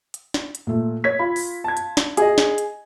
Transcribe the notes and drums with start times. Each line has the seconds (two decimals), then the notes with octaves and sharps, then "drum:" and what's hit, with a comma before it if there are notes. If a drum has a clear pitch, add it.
0.14 drum: hi-hat
0.34 drum: snare
0.55 drum: hi-hat
0.67 A#2 A3
1.04 C#5 G#6 B6
1.19 F4 B5
1.36 drum: open hi-hat
1.64 A5 G#6
1.77 drum: hi-hat
1.97 drum: snare
2.17 G#4 D#5, drum: hi-hat
2.38 drum: snare
2.58 drum: hi-hat